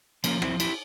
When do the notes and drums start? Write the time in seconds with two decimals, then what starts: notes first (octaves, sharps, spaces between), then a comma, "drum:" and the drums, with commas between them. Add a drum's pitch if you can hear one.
0.24 F3 A#3 C#4, drum: cymbal
0.42 C4 E4, drum: rim click
0.48 F3
0.60 E4 G4, drum: cymbal